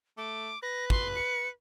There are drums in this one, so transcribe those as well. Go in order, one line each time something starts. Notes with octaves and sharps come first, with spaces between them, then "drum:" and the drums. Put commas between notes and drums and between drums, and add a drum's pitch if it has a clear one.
A3 D6
B4 A#6
C6, drum: kick
C#7